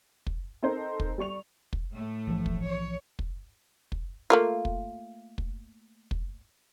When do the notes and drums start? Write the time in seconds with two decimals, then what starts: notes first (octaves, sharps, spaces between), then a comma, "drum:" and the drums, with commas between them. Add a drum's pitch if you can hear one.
0.27 drum: kick
0.63 C4 D#4 A4 A#4 C5
1.00 drum: kick
1.18 G3 D5 C#6 F7
1.73 drum: kick
1.92 A2 A3
2.27 B1 E3 F3
2.46 drum: kick
2.64 C#5
3.19 drum: kick
3.92 drum: kick
4.30 A3 A#3 F4
4.65 drum: kick
5.38 drum: kick
6.11 drum: kick